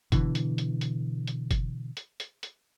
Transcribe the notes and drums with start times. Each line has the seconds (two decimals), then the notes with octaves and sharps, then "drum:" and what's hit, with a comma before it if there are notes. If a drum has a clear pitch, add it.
0.12 B2 D3 E3, drum: kick F#1, hi-hat
0.35 drum: hi-hat
0.58 drum: hi-hat
0.81 drum: hi-hat
1.27 drum: hi-hat
1.51 drum: kick F#1, hi-hat
1.97 drum: hi-hat
2.20 drum: hi-hat
2.43 drum: hi-hat